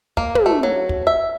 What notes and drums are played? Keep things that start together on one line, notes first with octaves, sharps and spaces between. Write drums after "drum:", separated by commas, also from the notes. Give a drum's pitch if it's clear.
A#3, drum: kick
drum: tom
A3
F#3
drum: kick
E5